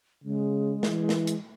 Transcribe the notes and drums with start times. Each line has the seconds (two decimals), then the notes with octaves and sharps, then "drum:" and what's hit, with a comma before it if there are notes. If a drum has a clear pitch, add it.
0.24 C#3 G#3
0.83 E3, drum: snare
1.09 drum: snare
1.27 drum: hi-hat